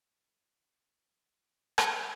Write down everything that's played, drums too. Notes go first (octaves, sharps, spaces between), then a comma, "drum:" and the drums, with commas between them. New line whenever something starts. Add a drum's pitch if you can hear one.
C#4 C5 G#5
B4
D#2
drum: rim click